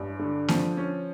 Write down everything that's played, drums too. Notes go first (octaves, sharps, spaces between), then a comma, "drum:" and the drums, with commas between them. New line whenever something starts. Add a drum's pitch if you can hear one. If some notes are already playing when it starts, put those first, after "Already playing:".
Already playing: A1 G2
D3
F3, drum: snare A#3
C#4